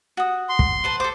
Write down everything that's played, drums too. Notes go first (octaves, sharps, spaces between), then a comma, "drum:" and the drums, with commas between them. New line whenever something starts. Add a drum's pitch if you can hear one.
F#4 D#6
C6
drum: kick
B4 C5 A5
A4 C5 D6